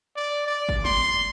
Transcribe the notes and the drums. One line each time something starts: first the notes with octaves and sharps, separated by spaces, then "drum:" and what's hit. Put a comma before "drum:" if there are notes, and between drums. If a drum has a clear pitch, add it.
D5
D5
drum: kick
C6, drum: snare